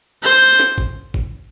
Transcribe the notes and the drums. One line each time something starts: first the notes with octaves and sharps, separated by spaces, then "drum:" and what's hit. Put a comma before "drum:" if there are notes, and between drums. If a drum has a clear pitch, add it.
C5
drum: snare
drum: kick G#1
drum: kick G#1